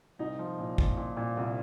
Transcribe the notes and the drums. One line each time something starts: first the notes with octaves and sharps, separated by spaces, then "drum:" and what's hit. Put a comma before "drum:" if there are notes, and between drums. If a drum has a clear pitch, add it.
C2 D#4
F3
A#2
A#2, drum: kick
A#2
A#2
C2